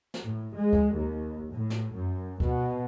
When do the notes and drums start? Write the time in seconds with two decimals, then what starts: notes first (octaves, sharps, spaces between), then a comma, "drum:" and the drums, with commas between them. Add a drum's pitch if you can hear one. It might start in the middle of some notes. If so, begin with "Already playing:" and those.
0.14 drum: snare
0.24 A2
0.56 G#3
0.73 drum: kick D2
0.93 D#2
1.52 A2
1.70 drum: snare
1.95 F#2
2.40 B2, drum: kick D2